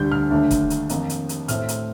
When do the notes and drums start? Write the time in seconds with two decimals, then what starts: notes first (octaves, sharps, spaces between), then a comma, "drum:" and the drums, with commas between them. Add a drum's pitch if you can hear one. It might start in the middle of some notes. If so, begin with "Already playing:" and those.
Already playing: D2 D3 G3 D4 G6
0.12 F6
0.30 D#2 D3 A3 D4
0.51 drum: kick E1, hi-hat
0.70 drum: hi-hat
0.89 F2 D#3 A#3 D#4, drum: hi-hat
1.10 drum: hi-hat
1.29 drum: hi-hat
1.48 A2 A3 C4 F6, drum: hi-hat
1.68 drum: hi-hat